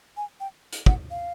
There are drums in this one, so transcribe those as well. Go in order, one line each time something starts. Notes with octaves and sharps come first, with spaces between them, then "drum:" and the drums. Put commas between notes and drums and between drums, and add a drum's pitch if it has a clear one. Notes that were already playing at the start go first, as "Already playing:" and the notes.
G#5
G5
drum: hi-hat
F#5, drum: kick
F5